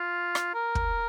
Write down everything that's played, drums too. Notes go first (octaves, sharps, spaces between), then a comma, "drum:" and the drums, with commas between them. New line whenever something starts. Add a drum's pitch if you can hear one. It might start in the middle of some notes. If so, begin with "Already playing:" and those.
Already playing: F4
drum: rim click
A#4
drum: kick